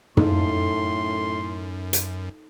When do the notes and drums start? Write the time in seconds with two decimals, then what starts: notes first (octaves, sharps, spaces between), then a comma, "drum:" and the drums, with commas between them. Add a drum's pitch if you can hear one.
0.17 F#2 A2 D#4 F4 A4 C6, drum: tom
1.93 drum: hi-hat